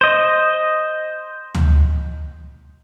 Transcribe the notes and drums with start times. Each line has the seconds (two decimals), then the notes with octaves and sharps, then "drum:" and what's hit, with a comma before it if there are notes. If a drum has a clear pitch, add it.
0.01 C5 D#5
1.55 drum: tom D2